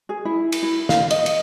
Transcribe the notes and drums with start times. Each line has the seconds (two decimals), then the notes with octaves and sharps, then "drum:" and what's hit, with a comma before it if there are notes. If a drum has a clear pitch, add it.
0.09 G#4
0.25 E4
0.52 drum: cymbal
0.63 E4
0.89 F5, drum: snare
1.11 D#5, drum: cymbal
1.26 drum: cymbal